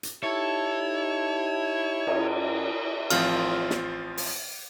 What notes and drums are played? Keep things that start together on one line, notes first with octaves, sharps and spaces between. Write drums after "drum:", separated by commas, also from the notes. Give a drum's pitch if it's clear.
drum: hi-hat
D#4 E4 G4 A4 C#5
F#2 C#4, drum: cymbal
A1 F3 C4 F4 F6, drum: cymbal
drum: snare
drum: open hi-hat